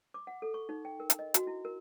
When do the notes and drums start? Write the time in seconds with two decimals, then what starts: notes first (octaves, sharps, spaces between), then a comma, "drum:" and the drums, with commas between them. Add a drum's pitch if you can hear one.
0.14 D6
0.27 F#5
0.42 A4
0.54 C#6
0.69 D#4
0.85 G5
1.00 A#4
1.10 drum: hi-hat
1.19 D#5
1.34 F#4, drum: hi-hat
1.47 E4
1.65 A#4